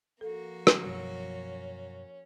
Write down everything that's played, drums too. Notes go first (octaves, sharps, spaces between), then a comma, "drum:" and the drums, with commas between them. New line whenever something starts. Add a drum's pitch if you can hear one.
F3 A#3 F#4 A4
drum: rim click
F#2 B2 F#3 C#4